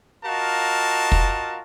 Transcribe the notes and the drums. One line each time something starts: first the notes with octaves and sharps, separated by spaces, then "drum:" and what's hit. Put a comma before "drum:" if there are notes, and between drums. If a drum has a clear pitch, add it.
F4 F#4 A#4 D#5 F5 A5
drum: kick